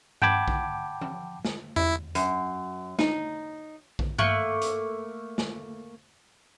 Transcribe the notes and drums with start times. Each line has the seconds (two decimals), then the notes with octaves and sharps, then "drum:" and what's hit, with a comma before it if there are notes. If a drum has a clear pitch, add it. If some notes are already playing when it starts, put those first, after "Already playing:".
0.22 F#5 G5 A5 B5 D6 G#6, drum: tom G2
0.48 drum: kick A#1
1.01 drum: tom F3
1.45 drum: snare
1.76 E4, drum: tom E2
2.15 F#2, drum: hi-hat
2.99 D#4, drum: snare
3.99 drum: kick A#1
4.18 A3 A#3 C#6 F#6, drum: tom G2
4.62 drum: hi-hat
5.38 drum: snare